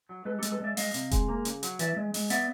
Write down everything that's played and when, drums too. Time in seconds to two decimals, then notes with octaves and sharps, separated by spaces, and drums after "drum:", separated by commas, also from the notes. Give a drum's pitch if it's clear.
0.09 F#3
0.25 G#3 A4 B4
0.39 G4 A4
0.43 G#3, drum: hi-hat
0.52 A4 B4
0.60 G#3 D5 E5
0.77 G#3 D#5 F5, drum: open hi-hat
0.94 C3, drum: hi-hat
1.11 G#3, drum: kick E1, hi-hat
1.29 A#3
1.45 C#3, drum: hi-hat
1.63 F#3, drum: hi-hat
1.79 E3 D5 E5, drum: hi-hat
1.96 G#3
2.14 G#3, drum: open hi-hat
2.30 B3 D5 E5, drum: hi-hat